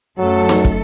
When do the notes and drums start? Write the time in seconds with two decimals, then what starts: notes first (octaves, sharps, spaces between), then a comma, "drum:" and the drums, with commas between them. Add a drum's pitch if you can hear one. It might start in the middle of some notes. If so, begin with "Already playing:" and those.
0.18 F#2 F#3 A3 A4
0.49 drum: snare
0.64 drum: kick